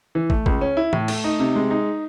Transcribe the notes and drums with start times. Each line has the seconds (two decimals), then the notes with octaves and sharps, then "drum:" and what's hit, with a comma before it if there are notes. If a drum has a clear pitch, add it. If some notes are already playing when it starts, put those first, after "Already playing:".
0.15 E3
0.30 A3, drum: kick
0.46 C#2, drum: kick
0.61 C#4
0.77 E4
0.93 A2, drum: tom E3
1.08 A3, drum: cymbal
1.24 D#4
1.40 C3
1.56 G#3
1.71 D#4